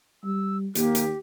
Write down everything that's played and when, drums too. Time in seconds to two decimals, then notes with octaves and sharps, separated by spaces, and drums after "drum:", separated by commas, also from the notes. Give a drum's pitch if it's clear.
0.24 G3 E6
0.75 D#2 A#3 G4, drum: hi-hat
0.95 drum: hi-hat